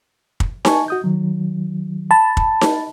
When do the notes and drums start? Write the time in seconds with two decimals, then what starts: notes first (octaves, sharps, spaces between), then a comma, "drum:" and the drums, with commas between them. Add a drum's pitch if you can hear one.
0.40 drum: kick
0.65 G#5 A5 C#6, drum: snare D#4
0.88 F#4 D#6 G6
1.04 D#3 F#3
2.11 A5 B5
2.37 drum: kick
2.61 drum: snare D#4